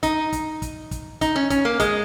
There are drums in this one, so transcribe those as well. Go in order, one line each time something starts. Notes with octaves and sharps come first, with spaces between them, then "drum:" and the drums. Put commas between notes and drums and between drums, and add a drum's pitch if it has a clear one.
D#4, drum: kick, hi-hat
drum: kick, hi-hat
drum: kick, hi-hat
drum: kick, hi-hat
D#4, drum: kick, hi-hat
C#4
C#4, drum: kick, hi-hat
A#3
G#3, drum: kick, hi-hat